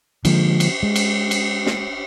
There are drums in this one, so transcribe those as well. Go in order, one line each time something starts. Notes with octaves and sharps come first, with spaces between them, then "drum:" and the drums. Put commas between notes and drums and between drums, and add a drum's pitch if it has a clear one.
D3 F3 G#3 A#3, drum: cymbal
drum: cymbal
G#3
drum: cymbal
drum: cymbal
drum: snare